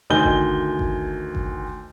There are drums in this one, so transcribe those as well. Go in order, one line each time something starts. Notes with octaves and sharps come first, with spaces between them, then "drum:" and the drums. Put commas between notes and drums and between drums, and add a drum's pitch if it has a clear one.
D2 D#3 D#5 G#5 G6 G7
drum: kick G1
drum: kick G1
drum: kick G1